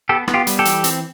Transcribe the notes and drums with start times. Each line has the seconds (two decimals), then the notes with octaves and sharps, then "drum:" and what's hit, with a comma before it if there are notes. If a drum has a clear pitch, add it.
0.09 B3 G4 A4
0.28 B3, drum: rim click
0.34 F4 G4
0.47 G3, drum: hi-hat
0.59 G4 A4
0.65 E3, drum: hi-hat
0.84 C4, drum: hi-hat